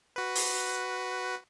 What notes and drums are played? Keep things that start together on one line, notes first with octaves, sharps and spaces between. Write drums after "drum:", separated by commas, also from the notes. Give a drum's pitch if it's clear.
F#4 B4
drum: open hi-hat